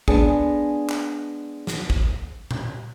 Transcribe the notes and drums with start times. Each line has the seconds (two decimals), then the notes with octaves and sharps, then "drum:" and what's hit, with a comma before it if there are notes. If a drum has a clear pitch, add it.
0.08 G#3 B3 D4 G#4, drum: kick
0.89 drum: clap
1.67 drum: snare
1.90 drum: kick
2.51 drum: tom A#2